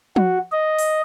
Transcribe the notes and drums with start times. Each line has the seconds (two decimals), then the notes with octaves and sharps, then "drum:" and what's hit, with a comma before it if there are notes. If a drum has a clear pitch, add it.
0.16 F#4, drum: tom F3
0.52 D#5
0.79 drum: open hi-hat